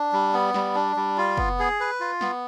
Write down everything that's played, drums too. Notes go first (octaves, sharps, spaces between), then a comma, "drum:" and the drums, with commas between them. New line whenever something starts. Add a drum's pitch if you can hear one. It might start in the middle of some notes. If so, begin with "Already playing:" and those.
Already playing: D4
G3
B3
G3, drum: snare
D4
G3
F4
B3, drum: kick
G#4
B4
F4
B3, drum: snare